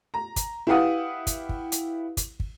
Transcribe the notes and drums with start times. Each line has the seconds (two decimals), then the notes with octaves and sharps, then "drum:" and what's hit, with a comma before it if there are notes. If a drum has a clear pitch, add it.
0.14 A#5
0.36 drum: kick, hi-hat
0.67 E4 G4 B4 F5 F#5 D#6
1.27 drum: kick, hi-hat
1.49 drum: kick
1.72 drum: hi-hat
2.17 drum: kick, hi-hat
2.40 drum: kick